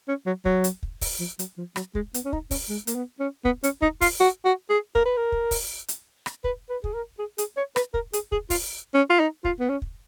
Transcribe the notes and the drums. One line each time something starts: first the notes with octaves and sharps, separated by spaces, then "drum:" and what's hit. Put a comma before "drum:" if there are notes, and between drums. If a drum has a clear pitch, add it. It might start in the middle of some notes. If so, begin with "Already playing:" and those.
C#4
F#3
F#3, drum: kick
drum: hi-hat
drum: kick
drum: kick, open hi-hat
F3
F#3, drum: hi-hat
F3
F#3, drum: rim click
G#3, drum: kick
B3, drum: hi-hat
C#4
D#4, drum: kick
C#4, drum: kick, open hi-hat
G#3
A#3, drum: hi-hat
B3
C#4
B3, drum: kick
C#4, drum: hi-hat
D#4, drum: kick
F4, drum: kick, open hi-hat
F#4
F#4
G#4
A#4, drum: kick
B4
A#4
drum: kick
drum: kick, open hi-hat
drum: hi-hat
drum: rim click
B4, drum: kick
B4
G#4, drum: kick
A#4
G#4
G#4, drum: hi-hat
C#5
B4, drum: rim click
A#4, drum: kick
G#4, drum: hi-hat
G#4, drum: kick
F4, drum: kick, open hi-hat
C#4
F4
D#4
F4, drum: kick
B3
C#4
drum: kick